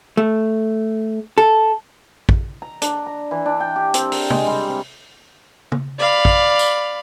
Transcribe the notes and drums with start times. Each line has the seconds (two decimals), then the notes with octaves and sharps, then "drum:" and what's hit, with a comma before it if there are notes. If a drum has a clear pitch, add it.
0.17 A3
1.38 A4
2.29 drum: kick
2.62 A#5
2.82 D4, drum: hi-hat
3.06 A#5
3.31 E3
3.46 D4
3.60 G5
3.76 G4
3.94 C4, drum: hi-hat
4.12 A#4, drum: open hi-hat
4.30 G#3, drum: tom
4.47 G3
4.69 C3
5.72 drum: tom
5.98 D5 F5 B5
6.25 drum: kick
6.59 drum: tambourine